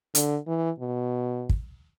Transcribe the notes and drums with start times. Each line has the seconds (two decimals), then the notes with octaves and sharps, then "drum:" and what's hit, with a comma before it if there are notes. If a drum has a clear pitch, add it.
0.15 D3, drum: hi-hat
0.47 E3
0.80 B2
1.49 drum: kick